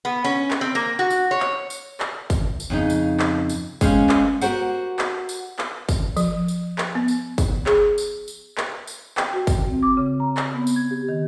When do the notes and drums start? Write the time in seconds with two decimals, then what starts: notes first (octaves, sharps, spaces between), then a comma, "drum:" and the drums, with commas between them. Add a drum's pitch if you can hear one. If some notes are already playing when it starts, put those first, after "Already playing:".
0.05 B3
0.24 C#4
0.51 drum: clap
0.61 C4
0.75 A#3
0.99 F#4
1.10 drum: tambourine
1.31 C#5
1.40 drum: clap
1.70 drum: tambourine
2.00 drum: clap
2.30 drum: kick, tambourine
2.60 drum: tambourine
2.70 F2 C#3 D#4
2.90 drum: tambourine
3.20 drum: clap
3.49 drum: tambourine
3.81 G#3 C#4 C5 F5, drum: kick, tambourine
4.09 drum: clap
4.41 F#4 G4 A#4 C5 F#5, drum: tambourine
4.99 drum: clap
5.29 drum: tambourine
5.59 drum: clap
5.89 drum: kick, tambourine
6.17 F3, drum: tambourine
6.48 drum: tambourine
6.78 drum: clap
6.95 B3
7.08 drum: tambourine
7.38 drum: kick, tambourine
7.66 G#4, drum: clap
7.98 drum: tambourine
8.28 drum: tambourine
8.58 drum: clap
8.87 drum: tambourine
9.17 G5, drum: clap
9.33 F#4
9.47 drum: kick, tambourine
9.68 C4
9.83 D6
9.97 C#3
10.20 A#5
10.37 drum: clap
10.54 B3
10.67 drum: tambourine
10.76 G#6
10.91 G4
11.09 D#3